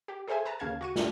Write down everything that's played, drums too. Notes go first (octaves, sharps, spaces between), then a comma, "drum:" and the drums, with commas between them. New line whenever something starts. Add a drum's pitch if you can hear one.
G4
G#4 A4 C5 E5 G#5
B4 A5 A#5
D#2 C#3 F5 A5 G#6
F#4 C#6 D#7
G3 A3 D4 F#4, drum: snare